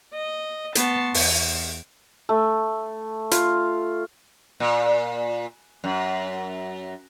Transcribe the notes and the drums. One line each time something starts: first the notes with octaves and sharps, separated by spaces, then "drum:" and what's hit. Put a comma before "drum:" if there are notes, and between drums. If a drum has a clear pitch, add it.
D#5
B3 A5 C6 C#6, drum: hi-hat
E2, drum: open hi-hat
A3
F4, drum: hi-hat
A#2
F#2